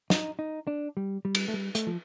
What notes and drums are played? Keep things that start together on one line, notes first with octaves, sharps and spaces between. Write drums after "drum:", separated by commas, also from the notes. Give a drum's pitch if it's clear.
D#4, drum: snare
D#4
D4
G3
G3
drum: cymbal
A3
G3
A3, drum: hi-hat
F3